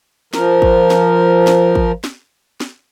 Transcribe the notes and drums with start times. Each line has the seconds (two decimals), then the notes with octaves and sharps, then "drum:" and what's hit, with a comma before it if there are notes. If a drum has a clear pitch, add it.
0.34 F3 A#4, drum: snare
0.62 drum: kick
0.90 drum: snare
1.47 drum: snare
1.75 drum: kick
2.04 drum: snare
2.60 drum: snare